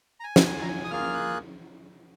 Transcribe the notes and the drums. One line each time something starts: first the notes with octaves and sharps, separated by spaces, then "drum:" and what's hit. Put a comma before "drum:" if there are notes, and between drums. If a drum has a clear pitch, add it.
A#5
G#5
drum: snare
G#5
A#5
G#5
D#6
A#3 F4 G#4 F6
F#6